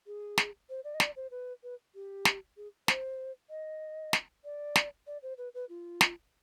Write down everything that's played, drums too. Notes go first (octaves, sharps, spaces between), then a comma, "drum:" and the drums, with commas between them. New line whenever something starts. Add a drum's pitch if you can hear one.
G#4
drum: snare
C5
D5
D#5
D5, drum: snare
C5
B4
B4
G4
drum: snare
G#4
C5, drum: snare
D#5
drum: snare
D5
drum: snare
D5
C5
B4
B4
F4
drum: snare